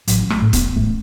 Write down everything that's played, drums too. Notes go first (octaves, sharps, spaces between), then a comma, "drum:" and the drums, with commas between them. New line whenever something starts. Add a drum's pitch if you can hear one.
A1 F#3, drum: hi-hat
A3, drum: rim click
A2
B3, drum: kick, hi-hat
A1 A3